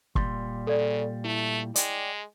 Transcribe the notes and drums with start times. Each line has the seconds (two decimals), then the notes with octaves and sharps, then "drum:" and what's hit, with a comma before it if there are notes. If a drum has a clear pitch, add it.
0.15 A#2 G3 C6, drum: kick
0.67 C#3 A4 D5
1.25 A3 E4
1.76 G#3 D5 G5, drum: hi-hat